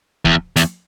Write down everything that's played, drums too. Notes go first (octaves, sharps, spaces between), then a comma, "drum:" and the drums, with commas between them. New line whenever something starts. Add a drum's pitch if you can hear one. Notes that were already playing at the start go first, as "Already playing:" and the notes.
E2, drum: kick
E2, drum: hi-hat